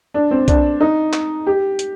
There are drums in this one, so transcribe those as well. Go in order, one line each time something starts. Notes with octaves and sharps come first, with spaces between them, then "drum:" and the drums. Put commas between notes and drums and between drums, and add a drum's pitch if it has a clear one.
D4
C4
D4, drum: kick B1, hi-hat
D#4
drum: clap
G4
drum: hi-hat